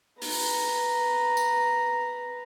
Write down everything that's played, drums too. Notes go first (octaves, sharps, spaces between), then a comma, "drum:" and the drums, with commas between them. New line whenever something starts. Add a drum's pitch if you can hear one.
B4 A#5, drum: open hi-hat
drum: tambourine